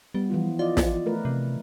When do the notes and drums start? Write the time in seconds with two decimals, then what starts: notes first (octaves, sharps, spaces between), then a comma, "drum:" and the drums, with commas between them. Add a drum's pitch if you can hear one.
0.15 G3 B3
0.30 E3 F3 F4
0.59 F4 D5 D#5
0.77 drum: snare
1.06 A3 A#4 B4
1.25 C3